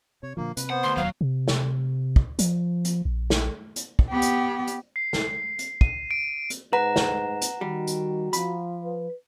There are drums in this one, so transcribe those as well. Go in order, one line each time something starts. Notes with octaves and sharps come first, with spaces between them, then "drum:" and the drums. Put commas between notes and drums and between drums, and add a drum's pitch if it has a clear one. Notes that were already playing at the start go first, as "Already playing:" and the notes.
C3 C#5
A#2 D3 F3 A#3
C3 B4, drum: hi-hat
B3 C5 F#5
D2 C6
E1 D#2 F#3 F5
C3
drum: snare
drum: kick
F3, drum: hi-hat
drum: hi-hat
A#1
drum: snare
drum: hi-hat
drum: kick
B3 G4
drum: hi-hat
drum: hi-hat
C7
drum: snare
drum: hi-hat
D#7, drum: kick
D7
drum: hi-hat
G#2 B4 F#5 A#5
drum: snare
drum: hi-hat
D#3 G3 F#4
drum: hi-hat
F3 B5, drum: hi-hat
B4